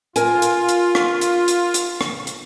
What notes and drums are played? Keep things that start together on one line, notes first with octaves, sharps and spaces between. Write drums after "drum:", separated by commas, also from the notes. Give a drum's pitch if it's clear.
F4 A#4 G#5, drum: hi-hat
drum: hi-hat
drum: hi-hat
drum: rim click
drum: hi-hat
drum: hi-hat
drum: hi-hat
drum: rim click
drum: hi-hat